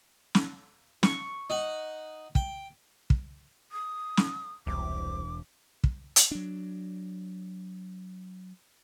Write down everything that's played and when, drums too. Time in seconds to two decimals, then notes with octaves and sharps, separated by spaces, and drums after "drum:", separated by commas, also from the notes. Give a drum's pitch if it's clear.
0.35 drum: snare
1.03 C#6, drum: snare
1.50 D#4 F#5
2.35 G5, drum: kick
3.10 drum: kick
3.72 D#6
4.17 drum: snare
4.67 E1 C2 D6
5.84 drum: kick
6.16 drum: hi-hat
6.31 F#3 D4